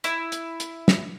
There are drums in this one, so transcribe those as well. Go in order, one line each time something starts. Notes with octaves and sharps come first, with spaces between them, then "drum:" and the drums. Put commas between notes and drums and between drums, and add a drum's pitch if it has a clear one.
E4, drum: hi-hat
drum: hi-hat
drum: hi-hat
drum: snare